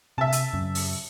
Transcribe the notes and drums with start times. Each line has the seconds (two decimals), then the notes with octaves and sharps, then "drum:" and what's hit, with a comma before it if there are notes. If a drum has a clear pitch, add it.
0.18 C3 E5 A5
0.32 drum: hi-hat
0.53 F#2 C#3
0.75 drum: open hi-hat